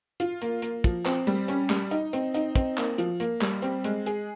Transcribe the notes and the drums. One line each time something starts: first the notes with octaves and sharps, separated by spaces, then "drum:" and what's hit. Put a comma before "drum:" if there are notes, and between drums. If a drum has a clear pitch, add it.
F4, drum: hi-hat
A#3, drum: hi-hat
A#3, drum: hi-hat
F3, drum: kick, hi-hat
C4, drum: clap
G3, drum: hi-hat
C#4, drum: hi-hat
G3, drum: clap
D#4, drum: hi-hat
C4, drum: hi-hat
D#4, drum: hi-hat
C4, drum: kick, hi-hat
A#3, drum: clap
F3, drum: hi-hat
A#3, drum: hi-hat
G3, drum: clap
C4, drum: hi-hat
G#3, drum: hi-hat
G#4, drum: hi-hat